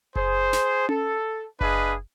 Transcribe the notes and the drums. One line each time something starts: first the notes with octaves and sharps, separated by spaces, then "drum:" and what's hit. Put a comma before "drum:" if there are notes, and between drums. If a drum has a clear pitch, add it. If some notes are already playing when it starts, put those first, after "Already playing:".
G#4 C5, drum: kick F#1
drum: snare
A4, drum: tom C#4
D4 G#4 B4 D#5 F5, drum: kick F#1